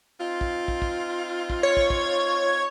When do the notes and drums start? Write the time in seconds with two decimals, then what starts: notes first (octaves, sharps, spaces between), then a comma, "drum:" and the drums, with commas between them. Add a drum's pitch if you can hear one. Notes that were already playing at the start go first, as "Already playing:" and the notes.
0.19 C4 D#4 F4
0.41 drum: kick
0.68 drum: kick
0.82 drum: kick
1.50 drum: kick
1.63 C#5
1.77 drum: kick
1.90 drum: kick